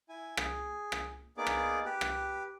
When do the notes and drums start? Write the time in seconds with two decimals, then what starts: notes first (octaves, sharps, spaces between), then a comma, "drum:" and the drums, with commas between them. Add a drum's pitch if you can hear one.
0.09 E4 G#5
0.37 G#4, drum: rim click
0.92 drum: rim click
1.37 A#3 B3 D#4 G#4 D5 D6
1.47 drum: rim click
1.85 G4 B4
2.01 drum: rim click